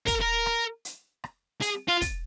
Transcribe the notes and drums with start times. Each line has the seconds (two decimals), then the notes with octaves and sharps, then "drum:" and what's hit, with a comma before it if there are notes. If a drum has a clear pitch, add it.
0.07 A#4, drum: kick, hi-hat
0.22 A#4
0.46 drum: rim click
0.85 drum: hi-hat
1.24 drum: rim click
1.62 G#4, drum: hi-hat
1.88 F4
2.01 drum: kick, hi-hat